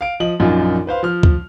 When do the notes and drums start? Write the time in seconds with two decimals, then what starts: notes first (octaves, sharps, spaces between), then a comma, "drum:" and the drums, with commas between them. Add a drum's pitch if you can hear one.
0.01 F5 D7
0.20 F3 D#5 F#7
0.40 A#1 F#2 D#4 F4
0.87 B4 C5 F5 C6
1.03 F3 F6
1.23 drum: kick